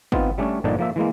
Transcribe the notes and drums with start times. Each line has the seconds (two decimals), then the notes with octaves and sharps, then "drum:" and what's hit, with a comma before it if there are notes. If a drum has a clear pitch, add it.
0.12 B3 C4 D#4 F4, drum: kick G#1
0.38 G3 A3 C#4 D4
0.64 G1 A#2 D3 F3 D4 D#4
0.79 F3 A#3 E5
0.96 E3 G#3 A#3